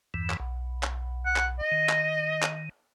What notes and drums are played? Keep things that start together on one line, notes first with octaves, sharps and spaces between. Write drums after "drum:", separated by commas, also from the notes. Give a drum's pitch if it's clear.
E2 G2 E3
drum: clap
B1
drum: clap
F#5
drum: clap
D#5
D#3
drum: clap
drum: clap